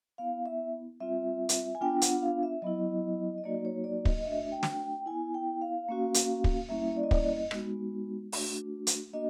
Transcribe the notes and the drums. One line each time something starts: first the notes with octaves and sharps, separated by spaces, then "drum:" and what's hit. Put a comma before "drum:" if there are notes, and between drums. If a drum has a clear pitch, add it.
B3 E4 F5
E5
G3 C4 F4 E5
drum: hi-hat
G#5
B3 D4 F4 G5
F#5, drum: hi-hat
F5
E5
F#3 B3 E4 D#5
D#5
F#3 A#3 D#4 F#4 D5
C#5
D5
D#5, drum: kick
D#5
A3 D4 F#4 E5
G5
drum: snare
G5
B3 E4 G#5
G5
F5
A#3 C#4 F#4
drum: hi-hat
drum: kick
G3 A#3 C#4 E4 E5
D5
D#5
D5, drum: kick
D#5
G#3 B3 D#4 F#4, drum: rim click
A3 D4 F#4, drum: open hi-hat
drum: hi-hat
A#3 D4 F#4 D#5